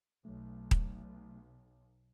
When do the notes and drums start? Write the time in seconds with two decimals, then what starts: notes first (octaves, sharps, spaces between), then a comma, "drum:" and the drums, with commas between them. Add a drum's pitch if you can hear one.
0.25 B1 F#3 A3
0.71 drum: kick D#1